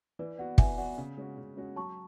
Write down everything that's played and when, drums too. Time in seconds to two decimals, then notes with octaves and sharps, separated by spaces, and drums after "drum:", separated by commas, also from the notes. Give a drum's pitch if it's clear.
0.19 E3 B4 D5
0.38 B3 F#4 D5 F#5
0.58 E3 E5 G#5, drum: kick
0.78 B3 F#4 D5 F#5
0.98 C#3
1.17 G#3 C#4 F#4
1.38 C#3
1.57 G#3 C#4 F#4
1.76 F#3 A5 C#6